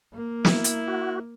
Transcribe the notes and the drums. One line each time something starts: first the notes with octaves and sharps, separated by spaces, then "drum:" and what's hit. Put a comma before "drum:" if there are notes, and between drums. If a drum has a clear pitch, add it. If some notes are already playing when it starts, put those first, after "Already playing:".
A#3
E4, drum: snare
drum: hi-hat
F#4